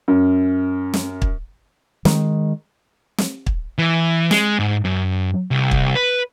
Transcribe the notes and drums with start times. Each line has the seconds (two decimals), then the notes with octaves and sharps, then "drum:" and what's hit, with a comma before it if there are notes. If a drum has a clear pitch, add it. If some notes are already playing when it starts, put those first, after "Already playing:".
0.08 F#2
0.93 drum: snare
1.22 drum: kick
2.05 D#3 G#3, drum: snare
3.18 drum: snare
3.46 drum: kick
3.78 E3
4.31 G#3, drum: snare
4.59 G#2
4.85 F#2
5.51 C2
5.71 drum: kick
5.95 B4